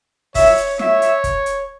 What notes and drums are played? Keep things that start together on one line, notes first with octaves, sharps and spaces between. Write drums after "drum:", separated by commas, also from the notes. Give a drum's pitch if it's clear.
C#5 E5, drum: kick, open hi-hat
drum: hi-hat
C#5 E5, drum: snare
drum: hi-hat
drum: kick, hi-hat
drum: hi-hat